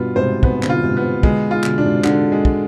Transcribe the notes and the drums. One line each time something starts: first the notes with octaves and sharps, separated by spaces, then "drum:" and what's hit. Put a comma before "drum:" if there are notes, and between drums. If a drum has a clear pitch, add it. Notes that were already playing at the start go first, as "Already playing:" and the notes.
Already playing: G2 B2 B3 F4
G#2 C3 C5
G#2 C3 B3, drum: kick
B2 D3, drum: clap
F4
G#2 C3
B3
B2 D3 G#3, drum: kick
F4
B2 D3, drum: clap
B2 D4
G#2 C3
D3, drum: clap
G#3
drum: kick